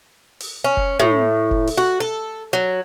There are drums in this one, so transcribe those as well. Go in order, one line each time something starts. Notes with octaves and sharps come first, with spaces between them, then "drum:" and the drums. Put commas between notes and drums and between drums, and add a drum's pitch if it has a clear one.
drum: open hi-hat
C#4
drum: kick F1
A2, drum: tom
drum: kick F1
drum: open hi-hat
F#4
A4
F#3